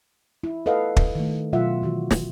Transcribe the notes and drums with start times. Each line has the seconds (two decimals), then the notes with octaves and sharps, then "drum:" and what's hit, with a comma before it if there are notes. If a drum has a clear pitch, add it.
0.44 E4
0.66 A4 B4 D#5 F5 F#5
0.96 drum: kick
1.15 D#3 A3
1.53 B2 F#3 F4 E5 F#5
1.82 D#3 E3 F#4
2.11 drum: snare